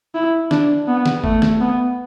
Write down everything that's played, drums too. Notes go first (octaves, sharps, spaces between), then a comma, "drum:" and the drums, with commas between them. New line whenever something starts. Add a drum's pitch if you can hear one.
E4
D4, drum: snare
B3
drum: snare
A3, drum: kick
drum: snare
B3